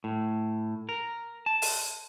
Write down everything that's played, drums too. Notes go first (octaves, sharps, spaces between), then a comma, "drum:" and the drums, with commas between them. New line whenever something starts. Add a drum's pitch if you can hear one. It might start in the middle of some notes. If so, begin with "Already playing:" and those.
A2
A#4
A5
drum: open hi-hat